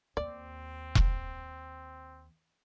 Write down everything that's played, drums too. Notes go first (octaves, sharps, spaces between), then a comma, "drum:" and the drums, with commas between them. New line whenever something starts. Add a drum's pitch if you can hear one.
D#2 C4 D5
drum: kick E1